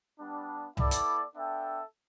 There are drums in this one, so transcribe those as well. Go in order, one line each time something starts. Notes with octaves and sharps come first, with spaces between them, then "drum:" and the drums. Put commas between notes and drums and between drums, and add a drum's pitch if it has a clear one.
G3 B3 D4
B3 E4 A4 D5, drum: tom C2
drum: hi-hat
B3 D4 A4 E5 G5